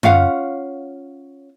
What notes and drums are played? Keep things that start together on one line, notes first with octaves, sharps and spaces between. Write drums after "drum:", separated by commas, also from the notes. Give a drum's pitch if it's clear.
C#4 F4 F5 F#5, drum: tom F#2